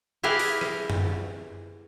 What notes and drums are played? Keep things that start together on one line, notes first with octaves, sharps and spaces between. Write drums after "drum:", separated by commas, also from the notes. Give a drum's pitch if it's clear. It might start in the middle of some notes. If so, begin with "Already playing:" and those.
E4 G4 G#4 A#4 B4 D#5
drum: open hi-hat
drum: rim click
drum: tom F#2